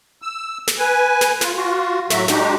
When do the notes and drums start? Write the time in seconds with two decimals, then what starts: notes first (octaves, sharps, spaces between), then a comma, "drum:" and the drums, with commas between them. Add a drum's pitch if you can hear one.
0.22 E6
0.68 drum: snare
0.78 B4 G#5
1.21 drum: snare
1.41 F4, drum: snare
1.56 F4 F#4
2.10 A2 F#3 F#4 E5, drum: snare
2.28 G#3 D4 D#4 F#4 G4, drum: snare